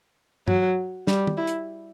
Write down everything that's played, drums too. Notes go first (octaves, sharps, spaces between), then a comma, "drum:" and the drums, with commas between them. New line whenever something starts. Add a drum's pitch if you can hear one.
F#3, drum: tom G2
G3, drum: snare
drum: tom
E4
drum: hi-hat